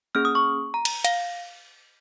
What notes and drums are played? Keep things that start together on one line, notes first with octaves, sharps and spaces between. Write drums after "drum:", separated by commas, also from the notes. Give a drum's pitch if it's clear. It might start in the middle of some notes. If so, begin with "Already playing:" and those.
A#3 C#4 G#4 F6
D#6
C#6
A#5
drum: cymbal
F5, drum: hi-hat